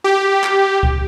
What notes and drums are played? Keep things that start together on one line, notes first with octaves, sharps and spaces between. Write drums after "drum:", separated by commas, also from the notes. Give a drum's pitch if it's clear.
G4
drum: clap
drum: kick C#2